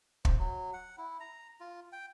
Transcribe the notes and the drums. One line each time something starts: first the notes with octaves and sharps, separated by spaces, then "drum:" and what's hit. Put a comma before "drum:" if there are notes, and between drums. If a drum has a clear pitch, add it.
C5, drum: kick
F#3
F#5
E4
A#5
F4
G5